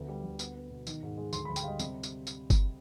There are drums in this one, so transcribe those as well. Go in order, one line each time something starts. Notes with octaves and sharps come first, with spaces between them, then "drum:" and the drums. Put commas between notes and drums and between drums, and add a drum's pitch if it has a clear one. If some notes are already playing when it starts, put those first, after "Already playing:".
Already playing: D2 B3
G3
D2
B3, drum: tambourine
B3
B2
D#3, drum: tambourine
G#2
G#3
D2 C6, drum: tambourine
B5
D2
G5, drum: tambourine
G3 D#5 F5
C3, drum: tambourine
drum: tambourine
drum: tambourine
drum: kick G1, tambourine